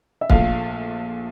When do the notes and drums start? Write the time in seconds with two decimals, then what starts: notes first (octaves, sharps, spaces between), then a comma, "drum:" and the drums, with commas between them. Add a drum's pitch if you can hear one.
0.21 E5
0.30 A#1 A#2 F3 A3 F5, drum: kick